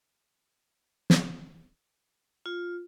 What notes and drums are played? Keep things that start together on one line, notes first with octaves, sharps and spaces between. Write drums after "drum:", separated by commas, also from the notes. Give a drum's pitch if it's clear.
drum: snare
F4